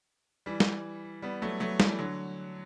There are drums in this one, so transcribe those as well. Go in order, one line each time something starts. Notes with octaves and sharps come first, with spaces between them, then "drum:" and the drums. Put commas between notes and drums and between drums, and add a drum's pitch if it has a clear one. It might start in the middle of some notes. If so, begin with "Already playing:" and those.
E3 G3
drum: snare G#3
G3 B3
F#3 A3
F#3 A3
E3 G3, drum: snare G#3
D3 F#3